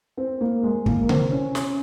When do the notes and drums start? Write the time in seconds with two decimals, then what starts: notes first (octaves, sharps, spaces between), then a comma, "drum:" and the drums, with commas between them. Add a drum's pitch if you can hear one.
0.17 C4
0.41 A#3
0.63 G#3
0.86 A#3, drum: kick
1.09 C4, drum: tom C3
1.32 C#4
1.55 C#4, drum: snare